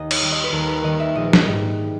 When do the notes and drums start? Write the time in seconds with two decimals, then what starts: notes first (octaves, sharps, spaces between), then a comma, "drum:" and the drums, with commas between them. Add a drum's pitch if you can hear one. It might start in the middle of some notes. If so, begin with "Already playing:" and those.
Already playing: D#2 D#5
0.11 C#5, drum: cymbal
0.21 D#3 G3
0.32 D#5
0.44 B4
0.52 D#2 A#4
0.68 B4
0.84 D#3 G3 D#5
1.00 E5
1.15 A#1 D#5
1.33 drum: snare
1.46 G#2 G3